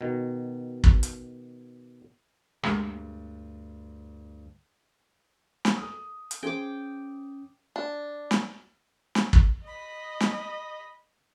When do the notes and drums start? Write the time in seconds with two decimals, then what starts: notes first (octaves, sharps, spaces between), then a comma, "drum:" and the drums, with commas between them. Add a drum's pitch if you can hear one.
0.01 B2 D#3
0.84 drum: kick
1.03 drum: hi-hat
2.63 D2 G2 G#3 A#3, drum: rim click
5.65 drum: snare
5.78 D#6
6.31 drum: hi-hat
6.43 C#4 G#4 C5 G5 D6
7.76 D4
8.31 drum: snare
9.15 drum: snare
9.33 drum: kick
9.67 D#5 B5
10.20 drum: snare